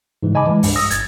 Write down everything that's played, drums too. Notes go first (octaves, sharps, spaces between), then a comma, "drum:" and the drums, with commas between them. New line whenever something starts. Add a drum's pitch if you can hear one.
G#2 C#3 E3
D#5 G#5 A5 B5 D6
E3 G#3
C2 G2, drum: open hi-hat
D#6 E6 A#6
G#6 A6, drum: kick, hi-hat